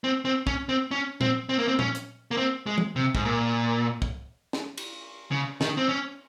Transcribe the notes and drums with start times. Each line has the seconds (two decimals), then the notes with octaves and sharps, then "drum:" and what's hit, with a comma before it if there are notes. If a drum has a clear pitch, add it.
0.04 C4
0.25 C4
0.47 C#4, drum: kick
0.69 C4
0.91 C#4
1.21 C4, drum: tom A#2
1.49 C4
1.59 A#3
1.68 C4
1.79 C#4, drum: tom A#2
1.95 drum: hi-hat
2.31 A#3
2.37 C4
2.66 G#3
2.78 drum: tom
2.96 C3
3.15 G#2, drum: kick
3.25 A#2
4.02 drum: kick
4.53 drum: snare
4.78 drum: cymbal
5.31 C#3
5.61 D#3, drum: snare
5.77 C4
5.89 C#4